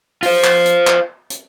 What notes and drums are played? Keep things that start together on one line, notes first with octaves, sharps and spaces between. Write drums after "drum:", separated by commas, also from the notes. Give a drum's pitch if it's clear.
F4 C5, drum: open hi-hat
drum: clap
drum: hi-hat
drum: clap
drum: hi-hat